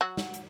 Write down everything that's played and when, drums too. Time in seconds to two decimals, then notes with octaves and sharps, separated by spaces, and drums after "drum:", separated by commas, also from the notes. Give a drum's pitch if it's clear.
0.01 F#3 F#4
0.17 drum: snare
0.34 drum: hi-hat